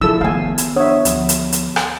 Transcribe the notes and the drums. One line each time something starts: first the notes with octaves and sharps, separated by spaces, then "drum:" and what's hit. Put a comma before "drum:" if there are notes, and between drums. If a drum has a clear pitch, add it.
F3 E4 F4 G#4 A4 E6
D#3 F3 B3 F5 G#5
drum: hi-hat
D4 C#5 E5 F#5 D#6
D2 F3, drum: hi-hat
drum: hi-hat
drum: hi-hat
drum: rim click